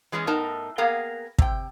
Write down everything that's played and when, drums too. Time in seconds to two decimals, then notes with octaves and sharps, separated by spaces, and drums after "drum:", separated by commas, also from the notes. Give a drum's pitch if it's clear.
0.12 E3 G#3 B3 C#4
0.27 A2 B3 D#4 A#4 A5
0.78 A#3 B3 G#4 A#4 F5 G5
1.39 C3 G5, drum: kick